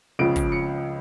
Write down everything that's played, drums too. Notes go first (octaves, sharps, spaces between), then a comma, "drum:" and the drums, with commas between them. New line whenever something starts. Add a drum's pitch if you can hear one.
C#2 C#3 F3 D7
drum: kick, hi-hat
C#7